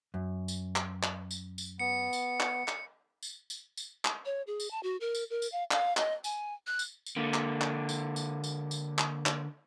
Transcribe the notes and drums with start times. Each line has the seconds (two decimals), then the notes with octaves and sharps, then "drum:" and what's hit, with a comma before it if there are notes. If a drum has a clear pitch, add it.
0.14 F#2
0.48 drum: tambourine
0.76 drum: clap
1.03 drum: clap
1.31 drum: tambourine
1.58 drum: tambourine
1.79 B3 C#7
2.13 drum: tambourine
2.40 drum: clap
2.68 drum: clap
3.23 drum: tambourine
3.50 drum: tambourine
3.77 drum: tambourine
4.05 drum: clap
4.26 C#5
4.47 G#4
4.60 drum: tambourine
4.71 A5
4.83 F#4
5.01 A#4
5.15 drum: tambourine
5.30 A#4
5.42 drum: tambourine
5.52 F5
5.71 F5, drum: clap
5.97 D#5, drum: clap
6.24 G#5, drum: tambourine
6.67 F#6
6.79 drum: tambourine
7.06 drum: tambourine
7.17 D3 A#3
7.34 drum: clap
7.61 drum: clap
7.89 drum: tambourine
8.16 drum: tambourine
8.44 drum: tambourine
8.71 drum: tambourine
8.98 drum: clap
9.26 drum: clap